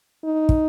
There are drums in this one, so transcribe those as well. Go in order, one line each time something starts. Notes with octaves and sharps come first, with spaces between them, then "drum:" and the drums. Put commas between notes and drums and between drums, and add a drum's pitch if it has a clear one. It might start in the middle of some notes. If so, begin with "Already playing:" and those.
D#4
drum: kick